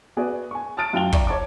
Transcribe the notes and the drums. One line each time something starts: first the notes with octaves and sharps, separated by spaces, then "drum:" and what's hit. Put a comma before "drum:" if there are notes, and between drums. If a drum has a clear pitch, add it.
B3 F#4 G#4 D5
G#5 C#6
A5 D#6 F6 A6 D7
F#2 F4 G5 F7 G7
D5 A#5 C#6, drum: kick
C#5 A5 D6